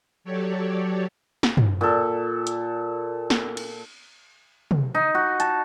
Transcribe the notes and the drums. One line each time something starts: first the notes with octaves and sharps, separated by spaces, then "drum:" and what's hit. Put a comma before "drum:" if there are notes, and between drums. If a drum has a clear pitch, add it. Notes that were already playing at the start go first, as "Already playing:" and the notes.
F#3 G4 A4 C#5 D5
drum: snare
drum: tom
A#2 A4
drum: hi-hat
drum: snare
drum: cymbal
drum: tom
D#4
F#4
A5, drum: hi-hat